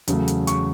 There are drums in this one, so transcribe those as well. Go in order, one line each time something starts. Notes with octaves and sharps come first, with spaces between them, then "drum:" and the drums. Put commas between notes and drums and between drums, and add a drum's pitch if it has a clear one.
E2 C#3 F#3 A3, drum: hi-hat
drum: hi-hat
C#6, drum: hi-hat